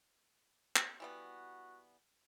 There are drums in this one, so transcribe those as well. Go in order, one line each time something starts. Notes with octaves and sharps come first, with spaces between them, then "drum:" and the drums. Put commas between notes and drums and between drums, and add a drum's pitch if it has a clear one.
drum: clap
E3 G3 B3 F#4